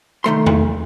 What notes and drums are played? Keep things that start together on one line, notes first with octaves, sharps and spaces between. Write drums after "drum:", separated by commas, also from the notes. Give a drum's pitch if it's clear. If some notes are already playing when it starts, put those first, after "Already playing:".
C2 D#3 A3 C6
drum: tom E2